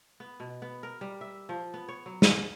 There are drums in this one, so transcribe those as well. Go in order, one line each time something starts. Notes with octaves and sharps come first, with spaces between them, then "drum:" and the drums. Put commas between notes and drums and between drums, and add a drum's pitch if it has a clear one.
B3
B2
B3
A#4
G3
E5
F3
B3
C#5
F#3
F5, drum: snare